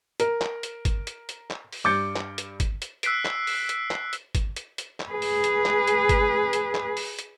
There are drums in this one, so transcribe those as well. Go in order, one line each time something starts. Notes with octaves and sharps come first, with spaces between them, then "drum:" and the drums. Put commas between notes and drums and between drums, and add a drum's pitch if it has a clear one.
A#4, drum: hi-hat
drum: clap
drum: hi-hat
drum: kick G#1, hi-hat
drum: hi-hat
drum: hi-hat
drum: clap
drum: open hi-hat
G2 D6 G6 A6 C#7
drum: clap
drum: hi-hat
drum: kick G#1, hi-hat
drum: hi-hat
E6 F#6 B6 C7 D7, drum: hi-hat
drum: clap
drum: open hi-hat
drum: hi-hat
drum: clap
drum: hi-hat
drum: kick G#1, hi-hat
drum: hi-hat
drum: hi-hat
drum: clap
G#4 B4
drum: open hi-hat
drum: hi-hat
drum: clap
drum: hi-hat
drum: kick G#1, hi-hat
drum: hi-hat
drum: clap
drum: open hi-hat
drum: hi-hat